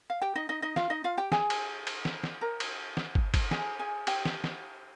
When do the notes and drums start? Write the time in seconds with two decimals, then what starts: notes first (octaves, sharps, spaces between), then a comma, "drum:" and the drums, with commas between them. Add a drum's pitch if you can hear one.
0.10 F5
0.22 G4 G5
0.35 D#4 D#5
0.49 D#4 D#5
0.62 D#4 D#5
0.76 F4 F5, drum: snare
0.90 D#4 D#5
1.04 F4 F5
1.17 G4 G5
1.32 G#4 G#5, drum: snare
1.50 drum: cymbal
1.87 drum: cymbal
2.05 drum: snare
2.24 drum: snare
2.41 A#4 A#5
2.60 drum: cymbal
2.97 drum: snare
3.15 drum: kick
3.34 drum: kick, cymbal
3.51 G#4 G#5, drum: snare
3.79 G#4 G#5
4.07 G4 G5, drum: cymbal
4.25 drum: snare
4.44 drum: snare